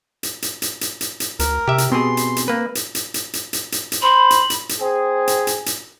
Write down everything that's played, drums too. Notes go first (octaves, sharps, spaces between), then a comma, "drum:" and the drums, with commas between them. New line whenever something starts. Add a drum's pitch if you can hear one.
drum: hi-hat
drum: hi-hat
drum: hi-hat
drum: hi-hat
drum: hi-hat
drum: hi-hat
D2 A#4, drum: hi-hat
C3 G4 E5
drum: hi-hat
B2 C4 G4 G#4 C6
drum: hi-hat
drum: hi-hat
A#3 B4
drum: hi-hat
drum: hi-hat
drum: hi-hat
drum: hi-hat
drum: hi-hat
drum: hi-hat
drum: hi-hat
C5 B5
drum: hi-hat
drum: hi-hat
drum: hi-hat
C4 G#4
drum: hi-hat
drum: hi-hat
drum: hi-hat